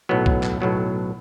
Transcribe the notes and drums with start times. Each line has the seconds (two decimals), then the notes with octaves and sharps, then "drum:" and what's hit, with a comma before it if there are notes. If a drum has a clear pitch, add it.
0.09 B1 A2 F#3 B3
0.26 drum: kick C2
0.43 drum: clap
0.60 B1 A2 F#3 B3